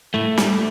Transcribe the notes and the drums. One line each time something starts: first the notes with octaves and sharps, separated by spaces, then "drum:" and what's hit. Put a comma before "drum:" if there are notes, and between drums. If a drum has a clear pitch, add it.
A2 A3
G3, drum: snare